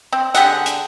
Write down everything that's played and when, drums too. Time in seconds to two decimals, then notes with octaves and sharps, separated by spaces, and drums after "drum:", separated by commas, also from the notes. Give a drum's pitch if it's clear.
0.12 C4
0.35 D3 G4 G#4 F#5, drum: hi-hat
0.66 drum: hi-hat